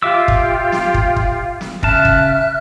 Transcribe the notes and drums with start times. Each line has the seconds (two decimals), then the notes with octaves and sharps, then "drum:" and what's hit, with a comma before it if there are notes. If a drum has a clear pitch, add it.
0.03 F4 G4 E5 D6 E6
0.28 drum: kick
0.72 drum: snare
0.94 drum: kick
1.16 drum: kick
1.61 drum: snare
1.83 C#3 E5 A5 F6 F#6, drum: kick
2.05 drum: kick